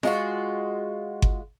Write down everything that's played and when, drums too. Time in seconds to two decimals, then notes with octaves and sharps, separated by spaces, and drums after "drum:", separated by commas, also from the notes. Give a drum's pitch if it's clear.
0.03 G#3 F4 F#4, drum: snare
1.22 drum: kick G1